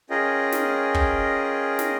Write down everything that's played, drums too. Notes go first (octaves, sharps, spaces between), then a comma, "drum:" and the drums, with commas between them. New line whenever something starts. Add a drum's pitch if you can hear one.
C#4 F4 G#4 A#4 D#5 G5
drum: snare
drum: kick
drum: snare